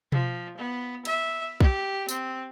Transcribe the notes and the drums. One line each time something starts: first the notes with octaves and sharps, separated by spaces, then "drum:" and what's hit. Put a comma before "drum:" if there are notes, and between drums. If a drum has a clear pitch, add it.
F3, drum: tom B2
B3
E5, drum: cymbal
G4, drum: kick B1
C4, drum: tambourine